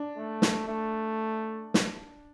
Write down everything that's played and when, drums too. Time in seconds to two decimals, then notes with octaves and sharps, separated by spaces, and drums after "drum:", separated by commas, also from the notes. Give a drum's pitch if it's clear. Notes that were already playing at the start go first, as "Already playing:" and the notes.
Already playing: D4
0.18 A3
0.42 drum: snare
0.68 A3
1.74 drum: snare